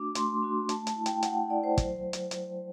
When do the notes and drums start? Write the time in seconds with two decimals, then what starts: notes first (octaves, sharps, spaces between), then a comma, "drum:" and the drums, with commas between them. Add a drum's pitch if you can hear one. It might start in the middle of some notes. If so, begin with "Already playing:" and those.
Already playing: A3 D4 F#4 D6
0.15 A3 C6, drum: hi-hat
0.42 D4 F#4
0.69 A3 A5, drum: hi-hat
0.87 A5, drum: hi-hat
0.96 E4
1.06 G5, drum: hi-hat
1.23 A3 F#5, drum: hi-hat
1.50 E4 D5
1.64 C5
1.77 F#3, drum: kick, hi-hat
2.13 drum: hi-hat
2.31 drum: hi-hat